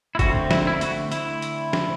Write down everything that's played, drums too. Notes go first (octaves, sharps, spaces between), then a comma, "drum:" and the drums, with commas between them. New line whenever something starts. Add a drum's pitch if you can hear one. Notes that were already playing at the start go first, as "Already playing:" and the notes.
E4
D3 A3 C4 F#4, drum: kick, hi-hat
E4, drum: snare
E4
F#4, drum: hi-hat
E4, drum: hi-hat
drum: hi-hat
drum: snare